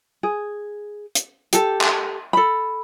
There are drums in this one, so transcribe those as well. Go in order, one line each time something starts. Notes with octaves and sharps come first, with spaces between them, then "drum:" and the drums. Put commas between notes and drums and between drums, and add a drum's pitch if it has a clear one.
G#4
drum: hi-hat
G4 A4, drum: hi-hat
drum: clap
A4 B5